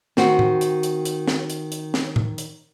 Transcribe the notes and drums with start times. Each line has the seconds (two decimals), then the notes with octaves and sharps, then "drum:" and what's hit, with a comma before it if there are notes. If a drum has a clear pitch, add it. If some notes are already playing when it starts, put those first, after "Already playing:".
0.17 D#3 C4 F#4, drum: snare
0.39 drum: tom A2
0.61 drum: hi-hat
0.83 drum: hi-hat
1.05 drum: hi-hat
1.28 drum: snare
1.50 drum: hi-hat
1.72 drum: hi-hat
1.94 drum: snare
2.16 drum: tom A2
2.38 drum: hi-hat